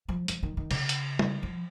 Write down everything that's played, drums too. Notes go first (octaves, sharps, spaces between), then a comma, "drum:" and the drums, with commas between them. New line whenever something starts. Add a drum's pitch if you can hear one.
F3
F3, drum: hi-hat
D#3
D#3
C#3, drum: cymbal
drum: hi-hat
drum: tom G3
F3